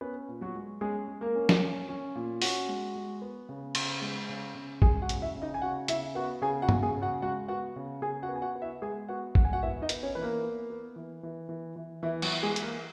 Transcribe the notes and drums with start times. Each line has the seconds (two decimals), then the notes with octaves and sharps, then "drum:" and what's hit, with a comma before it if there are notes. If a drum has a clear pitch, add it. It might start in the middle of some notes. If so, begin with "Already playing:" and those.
0.01 B3 C#4 B4
0.28 A#2
0.41 F#3 F#4
0.55 G#3
0.81 G#3 C#4 G#4
1.08 G#3
1.21 A#3 A#4
1.36 C#4
1.49 drum: snare
1.62 C#4
1.89 C#4
2.15 A#2
2.42 C#4 F#4 F#5, drum: open hi-hat
2.69 G#3
2.95 G#3
3.22 B3
3.49 C#3
3.75 C#3, drum: cymbal
4.02 G#3
4.29 C#3
4.55 C#3
4.82 G#3 G#4 G#5, drum: kick
5.02 F#4 F#5
5.09 C#3, drum: hi-hat
5.22 E4 E5
5.36 C#3
5.42 D#4 D#5
5.54 G#5
5.62 C#3 F#4 F#5
5.88 C#3 E4 E5, drum: hi-hat
6.15 B3 F#4 F#5
6.42 C#3 G#4 G#5
6.62 F#4 F#5
6.69 C#3, drum: tom G2
6.83 G#4 G#5
6.96 C#3
7.02 F#4 F#5
7.22 G#3 F#4 F#5
7.48 B3 F#4 F#5
7.76 C#3
8.02 C#3 G#4 G#5
8.22 F#4 F#5
8.29 B3
8.36 G#5
8.42 F#4 F#5
8.55 B3
8.62 E4 E5
8.82 G#3 G#4 G#5
9.09 B3 F#4 F#5
9.35 G#3 F#5, drum: kick
9.45 G#5
9.53 F#4 F#5
9.63 B3 E4 E5
9.82 D#4 D#5
9.89 B3, drum: hi-hat
10.03 C#4 C#5
10.15 E3 B4
10.22 A#3 A#4
10.43 B3
10.70 B3
10.96 E3
11.23 E3
11.49 E3
11.76 E3
12.03 E3 E4
12.22 F#3 F#4, drum: cymbal
12.30 E3
12.43 G#3 G#4
12.56 E3, drum: hi-hat
12.63 A#3 A#4